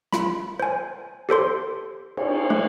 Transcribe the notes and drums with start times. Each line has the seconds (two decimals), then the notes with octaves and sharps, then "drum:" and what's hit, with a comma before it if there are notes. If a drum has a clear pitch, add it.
0.13 F4 B5, drum: snare
0.60 C5 G#5
1.29 G4 A4 C5 C6
2.17 drum: cymbal
2.50 A3